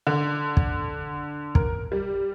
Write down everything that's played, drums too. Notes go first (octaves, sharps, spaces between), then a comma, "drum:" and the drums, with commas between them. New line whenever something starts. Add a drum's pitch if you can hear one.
D3
drum: kick
A#4, drum: kick
G3